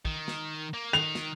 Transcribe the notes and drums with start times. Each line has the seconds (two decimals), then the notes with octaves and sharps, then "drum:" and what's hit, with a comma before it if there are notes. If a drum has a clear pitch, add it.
0.05 D#3, drum: kick
0.28 drum: snare
0.74 A#3
0.93 D#3 F7
1.15 drum: snare